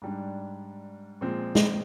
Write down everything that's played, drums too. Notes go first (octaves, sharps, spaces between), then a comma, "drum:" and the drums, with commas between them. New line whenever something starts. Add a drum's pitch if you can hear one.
G#2 G3 D4
A#2 F3 G#3 C4
drum: snare